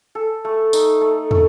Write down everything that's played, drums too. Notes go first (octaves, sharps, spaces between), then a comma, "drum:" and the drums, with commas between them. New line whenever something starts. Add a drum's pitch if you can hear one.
A4
A3
D#4, drum: tambourine
A3
A3, drum: tom